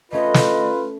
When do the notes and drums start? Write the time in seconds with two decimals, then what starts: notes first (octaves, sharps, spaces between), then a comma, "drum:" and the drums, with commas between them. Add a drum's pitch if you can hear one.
0.12 A3 C#4 F4 B4 D#5
0.34 drum: snare